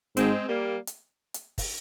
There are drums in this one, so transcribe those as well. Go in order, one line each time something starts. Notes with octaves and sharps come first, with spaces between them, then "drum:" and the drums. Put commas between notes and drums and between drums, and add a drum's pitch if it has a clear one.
G#2 G#3 C4, drum: hi-hat
G3 A#3
drum: hi-hat
drum: hi-hat
drum: kick, open hi-hat